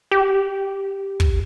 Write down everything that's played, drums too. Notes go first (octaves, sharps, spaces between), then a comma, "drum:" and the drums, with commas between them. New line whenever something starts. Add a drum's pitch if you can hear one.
G4
drum: kick